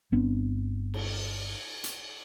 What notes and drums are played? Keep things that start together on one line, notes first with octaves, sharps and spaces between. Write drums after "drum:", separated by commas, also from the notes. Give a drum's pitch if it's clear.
G1 B3 C4 D4
drum: cymbal
drum: hi-hat